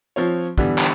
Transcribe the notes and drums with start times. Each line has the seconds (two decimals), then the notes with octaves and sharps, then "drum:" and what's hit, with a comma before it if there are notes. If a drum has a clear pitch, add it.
0.16 F3 C4 C#5
0.58 D3 E3 G3 B3, drum: kick
0.78 drum: clap